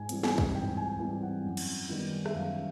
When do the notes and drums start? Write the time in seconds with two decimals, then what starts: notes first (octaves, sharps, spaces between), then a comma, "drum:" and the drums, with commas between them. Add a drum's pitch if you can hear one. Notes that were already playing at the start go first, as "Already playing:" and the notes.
Already playing: G#2 G#5
0.09 E3 G3 C4, drum: hi-hat
0.23 G#5, drum: snare
0.38 drum: kick
0.54 G#2 G5
0.77 G#5
0.99 E3 G3 C4 G#5
1.22 F#5
1.45 F#2
1.57 drum: cymbal
1.89 D#3 G3 B3
2.26 E5, drum: rim click
2.34 F#2 F5